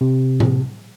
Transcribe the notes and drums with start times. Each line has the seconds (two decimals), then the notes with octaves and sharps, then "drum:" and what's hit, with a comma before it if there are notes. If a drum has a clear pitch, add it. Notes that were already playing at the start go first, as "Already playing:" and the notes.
0.01 C3
0.40 drum: tom A2